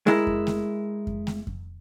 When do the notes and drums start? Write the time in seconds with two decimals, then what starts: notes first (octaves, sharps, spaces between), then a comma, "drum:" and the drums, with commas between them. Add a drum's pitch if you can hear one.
0.07 G#3 E4 A#4, drum: snare A3
0.27 drum: kick F2
0.47 drum: snare A3
1.07 drum: kick F2
1.27 drum: snare A3
1.47 drum: kick F2